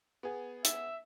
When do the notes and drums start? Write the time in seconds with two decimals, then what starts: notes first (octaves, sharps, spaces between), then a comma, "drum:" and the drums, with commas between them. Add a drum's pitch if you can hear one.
0.23 B3 G#4
0.65 E5, drum: hi-hat